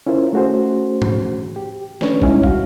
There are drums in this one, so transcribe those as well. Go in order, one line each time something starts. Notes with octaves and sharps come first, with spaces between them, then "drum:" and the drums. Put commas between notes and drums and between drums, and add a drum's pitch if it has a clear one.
C#4 E4 F4 A#4 C5
A3 C#4 F#4 G#4 C5
drum: tom G#2
G4
A3 C#4 D4 B4 C#5, drum: snare
G3 G#3 C#4 D#4 E4, drum: kick
F#4 F5, drum: kick